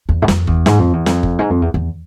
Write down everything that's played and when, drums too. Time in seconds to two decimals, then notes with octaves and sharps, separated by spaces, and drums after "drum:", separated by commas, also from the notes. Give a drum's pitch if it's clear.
0.09 E2
0.22 G#2
0.28 F2, drum: snare
0.47 E2, drum: kick F#1
0.66 G#2, drum: snare
0.79 F2
0.93 E2
1.06 F2, drum: snare
1.23 drum: kick F#1
1.39 G#2
1.50 F2
1.62 E2
1.74 E2